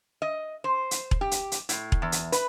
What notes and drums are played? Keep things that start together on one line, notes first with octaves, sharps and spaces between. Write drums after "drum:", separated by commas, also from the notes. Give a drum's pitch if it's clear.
D#5
C5
drum: hi-hat
drum: kick E1
G4
drum: hi-hat
drum: hi-hat
A2, drum: hi-hat
drum: kick E1
E2
drum: hi-hat
B4, drum: hi-hat